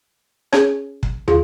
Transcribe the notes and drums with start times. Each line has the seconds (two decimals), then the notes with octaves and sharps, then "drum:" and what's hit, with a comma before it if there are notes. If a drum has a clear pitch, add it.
0.53 C#4 G#4 C#5, drum: rim click
1.03 drum: kick
1.28 F4 G#4, drum: tom